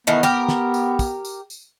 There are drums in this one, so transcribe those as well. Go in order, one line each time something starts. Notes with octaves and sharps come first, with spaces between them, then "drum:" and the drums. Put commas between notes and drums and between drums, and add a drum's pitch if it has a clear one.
D#3 E3 A3 B3
G4 A#4, drum: snare
drum: snare
drum: tambourine
drum: kick, tambourine
drum: tambourine
drum: tambourine